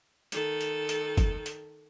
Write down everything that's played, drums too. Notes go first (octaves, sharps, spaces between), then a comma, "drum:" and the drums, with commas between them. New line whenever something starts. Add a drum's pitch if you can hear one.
D#3 A4, drum: hi-hat
drum: hi-hat
drum: hi-hat
drum: kick, hi-hat
drum: hi-hat